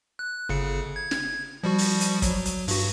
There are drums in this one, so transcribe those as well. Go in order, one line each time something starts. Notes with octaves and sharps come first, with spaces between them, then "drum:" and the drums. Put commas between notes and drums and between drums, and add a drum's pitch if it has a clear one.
F#6
G1 C#3 C#7
G#6
drum: snare
F3 G3 F#4
drum: open hi-hat
drum: hi-hat
F#3, drum: kick, hi-hat
drum: hi-hat
G2 F#4, drum: open hi-hat